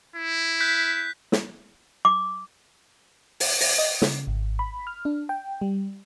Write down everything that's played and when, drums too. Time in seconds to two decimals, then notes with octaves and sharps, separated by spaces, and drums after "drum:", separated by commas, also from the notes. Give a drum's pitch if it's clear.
0.16 E4
0.60 F#6 G6 B6
1.32 drum: snare
2.05 D6
3.40 drum: open hi-hat
3.61 A#6, drum: open hi-hat
3.78 D#5
4.02 C#3, drum: snare
4.27 G#1
4.59 B5
4.87 F6
5.05 D4
5.29 G5
5.62 G3